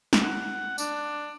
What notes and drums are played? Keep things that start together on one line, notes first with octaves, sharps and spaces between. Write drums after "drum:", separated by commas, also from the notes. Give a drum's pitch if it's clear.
drum: snare
F#5
D4, drum: tambourine